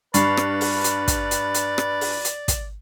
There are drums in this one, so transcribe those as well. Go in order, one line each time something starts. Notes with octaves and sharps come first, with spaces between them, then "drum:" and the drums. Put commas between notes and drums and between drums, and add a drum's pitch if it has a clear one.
G2 B4 D5 B5 C#6 C7, drum: hi-hat
drum: rim click
drum: open hi-hat
drum: hi-hat
drum: kick, hi-hat
drum: hi-hat
drum: hi-hat
drum: rim click
drum: open hi-hat
drum: hi-hat
drum: kick, hi-hat